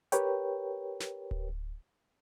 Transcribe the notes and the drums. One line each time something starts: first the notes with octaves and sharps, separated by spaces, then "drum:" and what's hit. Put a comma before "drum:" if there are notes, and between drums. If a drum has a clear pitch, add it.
G4 A#4 B4 C#5 G5, drum: hi-hat
drum: snare
drum: kick D1